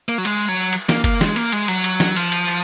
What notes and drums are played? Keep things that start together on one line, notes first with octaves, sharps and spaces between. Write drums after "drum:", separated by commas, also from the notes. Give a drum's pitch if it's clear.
A#3
F#3
G#3, drum: cymbal
F#3
drum: cymbal
A#3, drum: snare
A#3, drum: kick F#1, cymbal
G#3, drum: snare
A#3, drum: cymbal
G#3, drum: cymbal
F#3, drum: cymbal
drum: cymbal
drum: snare
F3, drum: cymbal
drum: cymbal
drum: cymbal